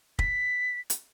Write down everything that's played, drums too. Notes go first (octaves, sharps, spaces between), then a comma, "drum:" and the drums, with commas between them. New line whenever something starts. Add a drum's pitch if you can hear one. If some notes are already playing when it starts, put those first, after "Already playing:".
B6, drum: kick
drum: hi-hat